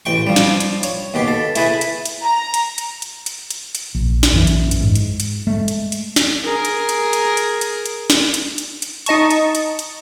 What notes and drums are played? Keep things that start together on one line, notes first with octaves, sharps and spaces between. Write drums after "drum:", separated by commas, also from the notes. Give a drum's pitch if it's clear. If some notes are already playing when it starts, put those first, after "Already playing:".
A1 G5 C#6
F3 G3
drum: snare
drum: hi-hat
C#5, drum: hi-hat
D#2 B2 G4
A4
A3 E4 G#4 A4 B4, drum: hi-hat
drum: hi-hat
drum: hi-hat
A#5
drum: hi-hat
drum: hi-hat
drum: hi-hat
drum: hi-hat
drum: hi-hat
drum: hi-hat
A#1
drum: snare
A#1 F#2 E3
drum: hi-hat
drum: hi-hat
G#2
drum: hi-hat
drum: hi-hat
G#3 A3
drum: hi-hat
drum: hi-hat
drum: snare
G#4 A#4
drum: hi-hat
drum: hi-hat
drum: hi-hat
drum: hi-hat
drum: hi-hat
drum: hi-hat
drum: snare
drum: hi-hat
drum: hi-hat
drum: hi-hat
D#4 D#5 A5 C#6, drum: hi-hat
drum: hi-hat
drum: hi-hat
drum: hi-hat